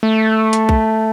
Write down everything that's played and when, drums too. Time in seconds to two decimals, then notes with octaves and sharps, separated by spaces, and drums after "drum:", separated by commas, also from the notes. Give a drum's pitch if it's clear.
0.03 A3
0.53 drum: hi-hat
0.69 drum: kick A#1